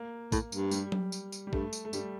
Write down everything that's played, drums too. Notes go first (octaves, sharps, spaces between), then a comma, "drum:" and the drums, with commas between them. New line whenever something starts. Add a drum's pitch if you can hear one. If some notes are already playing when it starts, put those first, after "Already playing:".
Already playing: A#3
A2, drum: kick, tambourine
G2, drum: tambourine
G3, drum: tambourine
drum: tom F#3
drum: tambourine
drum: tambourine
G3
G2 A3, drum: kick
drum: tambourine
A3
G2 G3, drum: tambourine